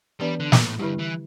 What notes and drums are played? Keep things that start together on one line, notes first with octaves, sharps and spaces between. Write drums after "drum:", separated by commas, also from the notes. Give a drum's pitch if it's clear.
E3 G3 B3 D4 B4 D5
D3
G2, drum: snare
A2
G2 D3 G3 E4 G4
E3